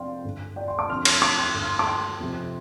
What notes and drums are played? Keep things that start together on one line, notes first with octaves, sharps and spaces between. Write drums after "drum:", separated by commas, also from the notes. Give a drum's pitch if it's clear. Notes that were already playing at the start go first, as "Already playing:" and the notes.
Already playing: F2 C3 D5 F5 G5 C6
G2 D3
D5 G5
G5 C6
A5 D6
F2 D3 C6 F6
C6 F6, drum: cymbal
A5 D6
G5 C6
G2 D3
C6 F6
A5 D6
G5 C6
F2 C3